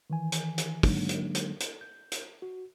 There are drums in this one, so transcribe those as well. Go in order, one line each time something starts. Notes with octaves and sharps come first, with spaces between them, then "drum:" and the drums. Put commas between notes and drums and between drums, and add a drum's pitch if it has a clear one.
D#3 E3 G#5
drum: hi-hat
drum: hi-hat
D3 F#3 G#3 A#3 D4 D#4, drum: kick, open hi-hat
drum: hi-hat
drum: hi-hat
drum: hi-hat
G6
drum: hi-hat
F#4